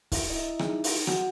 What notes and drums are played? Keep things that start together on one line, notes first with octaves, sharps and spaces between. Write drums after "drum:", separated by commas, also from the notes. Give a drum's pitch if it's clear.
E4 E5, drum: kick, open hi-hat
D#5
E4 E5
D#4 G#4, drum: rim click
drum: open hi-hat
F#4 F#5, drum: rim click